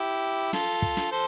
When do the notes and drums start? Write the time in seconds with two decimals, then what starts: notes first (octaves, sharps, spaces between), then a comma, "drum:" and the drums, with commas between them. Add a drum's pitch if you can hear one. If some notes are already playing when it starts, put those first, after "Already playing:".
Already playing: E4 G4
0.53 F4 A4, drum: snare
0.82 drum: kick
0.97 drum: snare
1.12 A4 C5